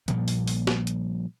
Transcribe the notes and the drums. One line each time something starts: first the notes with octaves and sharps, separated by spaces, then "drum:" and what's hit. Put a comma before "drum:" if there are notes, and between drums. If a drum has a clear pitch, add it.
A#2 F3 G3 A#3, drum: hi-hat
drum: open hi-hat
drum: open hi-hat
drum: snare
drum: hi-hat